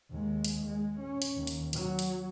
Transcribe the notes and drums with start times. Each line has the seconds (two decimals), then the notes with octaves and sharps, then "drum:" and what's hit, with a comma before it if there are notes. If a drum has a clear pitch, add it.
0.10 D#2 G#3
0.45 drum: hi-hat
0.66 G#3
1.00 C#4
1.22 drum: hi-hat
1.36 D#2
1.47 drum: hi-hat
1.73 F#3, drum: hi-hat
1.99 drum: hi-hat